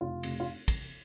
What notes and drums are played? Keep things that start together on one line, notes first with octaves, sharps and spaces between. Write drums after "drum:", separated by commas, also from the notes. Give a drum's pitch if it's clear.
F1 F4
F1, drum: cymbal
F4
drum: kick, cymbal